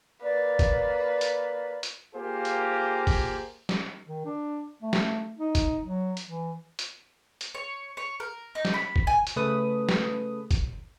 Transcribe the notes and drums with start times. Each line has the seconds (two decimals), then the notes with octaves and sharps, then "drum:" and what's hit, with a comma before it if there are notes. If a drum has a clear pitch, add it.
0.23 A#3 B4 D5
0.59 drum: kick F#1, hi-hat
1.21 drum: hi-hat
1.83 drum: hi-hat
2.14 A#3 F4 G4 G#4 C5
2.45 drum: hi-hat
3.07 drum: kick F#1, open hi-hat
3.69 drum: snare
4.07 D#3
4.26 D4
4.83 A3
4.93 drum: snare
5.39 D#4
5.55 drum: kick F#1, hi-hat
5.84 F#3
6.17 drum: hi-hat
6.27 E3
6.79 drum: hi-hat
7.41 drum: hi-hat
7.54 C#5
7.97 C#5
8.20 A#4
8.55 D#4
8.65 drum: snare
8.74 B5
8.96 drum: kick F#1
9.07 G#5
9.27 drum: hi-hat
9.36 C#3 A3 B4 D#6
9.89 drum: snare
10.51 drum: kick F#1, hi-hat